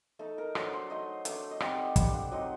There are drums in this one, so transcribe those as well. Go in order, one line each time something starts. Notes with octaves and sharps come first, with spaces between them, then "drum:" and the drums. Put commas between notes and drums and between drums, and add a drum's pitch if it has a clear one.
A3 D#4 A4
A#4
F#3 A3 D4 C5, drum: rim click
C5
A3 D#4 D#5
A3 D4, drum: hi-hat
D#5
G3 C4 D#4 F#5, drum: rim click
G5
G3 D4 F#5, drum: kick, hi-hat
F#5
F#3 C4 D#4 D#5